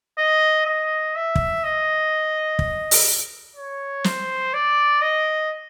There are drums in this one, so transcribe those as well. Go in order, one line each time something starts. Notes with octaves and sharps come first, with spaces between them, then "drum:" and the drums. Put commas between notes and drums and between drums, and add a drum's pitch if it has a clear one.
D#5
D#5
E5
drum: kick
D#5
drum: kick
drum: open hi-hat
C#5
C5, drum: snare
D5
D#5